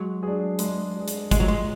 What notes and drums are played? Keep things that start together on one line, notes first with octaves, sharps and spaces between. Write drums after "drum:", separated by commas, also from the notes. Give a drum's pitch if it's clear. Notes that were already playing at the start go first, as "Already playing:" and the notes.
Already playing: F#3 G#3
D4 G#4
G#3, drum: hi-hat
D4 G#4
drum: hi-hat
A#2 G#3, drum: kick, hi-hat
F#3
G#3